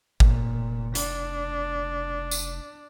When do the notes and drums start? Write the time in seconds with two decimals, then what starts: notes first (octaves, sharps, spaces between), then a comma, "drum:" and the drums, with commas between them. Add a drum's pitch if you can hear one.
0.20 F1 A#2, drum: kick G#1
0.95 D4, drum: hi-hat
2.31 drum: tambourine